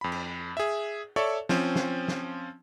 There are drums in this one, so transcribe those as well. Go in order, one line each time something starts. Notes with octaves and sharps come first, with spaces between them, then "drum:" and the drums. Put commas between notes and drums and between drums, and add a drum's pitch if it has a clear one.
F2 B5
drum: cymbal
G#4 E5
A4 C#5 D5 E5 C#6
F3 C4 C#4, drum: snare
drum: snare
drum: snare